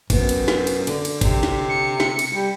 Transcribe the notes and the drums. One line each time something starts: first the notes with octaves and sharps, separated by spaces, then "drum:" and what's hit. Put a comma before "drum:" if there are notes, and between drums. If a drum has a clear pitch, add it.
F#2 C3 B3, drum: kick, cymbal
drum: cymbal
drum: snare
drum: cymbal
D3, drum: cymbal
drum: cymbal
C3, drum: kick, cymbal
drum: snare
C#7
drum: snare
drum: cymbal
G3